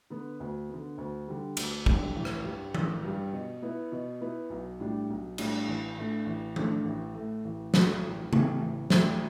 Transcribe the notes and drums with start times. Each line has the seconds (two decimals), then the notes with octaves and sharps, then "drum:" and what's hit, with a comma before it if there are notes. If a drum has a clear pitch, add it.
0.10 D3 B3
0.40 D2
0.69 D3 B3
0.98 D2
1.28 D3 G3
1.57 D2, drum: cymbal
1.86 D3 G3, drum: kick
2.16 A1
2.25 drum: rim click
2.45 G2 G3
2.74 A1, drum: tom F3
3.05 G2 G3
3.33 B2
3.62 B3 E4 B4
3.92 B2
4.21 B3 E4 B4
4.50 B1
4.80 A2 G3 D4
5.10 B1
5.38 A2 G3 D4, drum: cymbal
5.68 A1
5.98 A2 A3 D4
6.26 A1
6.56 A2 A3 D4, drum: tom F3
6.85 A1
7.14 A2 A3
7.45 A1
7.74 A2 A3, drum: snare
8.03 A1
8.33 A2 E3 A3 G4, drum: tom
8.61 A1
8.90 A2 E3 A3 G4, drum: snare